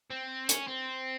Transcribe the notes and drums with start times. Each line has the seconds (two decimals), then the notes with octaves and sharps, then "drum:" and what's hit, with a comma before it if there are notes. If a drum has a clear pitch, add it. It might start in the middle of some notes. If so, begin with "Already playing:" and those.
0.11 C4
0.49 C#4, drum: hi-hat
0.68 C4